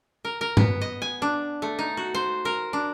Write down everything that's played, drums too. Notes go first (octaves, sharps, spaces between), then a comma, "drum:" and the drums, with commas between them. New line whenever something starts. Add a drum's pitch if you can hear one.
A#4
A#4
B3, drum: tom G2
D#5
G#5
D4
A3
D#4
F#4
C5
A#4
D4